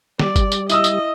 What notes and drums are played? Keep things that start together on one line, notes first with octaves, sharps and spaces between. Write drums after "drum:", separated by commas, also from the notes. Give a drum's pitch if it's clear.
G3 D5, drum: snare
drum: kick, tambourine
drum: tambourine
E4 D#5 D#6 E6, drum: tambourine
drum: tambourine